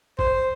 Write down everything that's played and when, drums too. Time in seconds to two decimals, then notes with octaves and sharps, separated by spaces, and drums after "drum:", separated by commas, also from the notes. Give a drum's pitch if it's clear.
0.19 C5, drum: kick